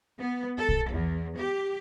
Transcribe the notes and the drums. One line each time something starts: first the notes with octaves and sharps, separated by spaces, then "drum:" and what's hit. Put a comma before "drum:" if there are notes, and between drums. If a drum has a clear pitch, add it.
B3
A4
drum: kick
E2
G4